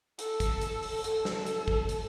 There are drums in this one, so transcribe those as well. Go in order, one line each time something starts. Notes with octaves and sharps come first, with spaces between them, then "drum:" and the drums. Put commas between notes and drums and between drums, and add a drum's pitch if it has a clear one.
A4, drum: hi-hat
drum: kick, hi-hat
drum: hi-hat
drum: open hi-hat
A4, drum: hi-hat
drum: snare
drum: hi-hat
drum: kick
drum: hi-hat